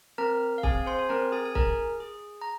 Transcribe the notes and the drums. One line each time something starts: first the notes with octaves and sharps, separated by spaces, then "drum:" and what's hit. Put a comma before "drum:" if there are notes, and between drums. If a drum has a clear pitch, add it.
C4 A#4 A#5
F5
C4 G#4 G#5, drum: kick C#1
C5 C6
G#5
C4 A#4 A#5
G#4 G#5
G#5
G#4 A#4 A#5, drum: kick C#1
G#4
A#5